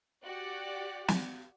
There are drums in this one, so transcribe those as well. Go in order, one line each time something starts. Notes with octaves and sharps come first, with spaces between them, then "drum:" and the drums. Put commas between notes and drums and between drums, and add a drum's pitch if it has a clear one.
F#4 G4 D5 F#5
drum: snare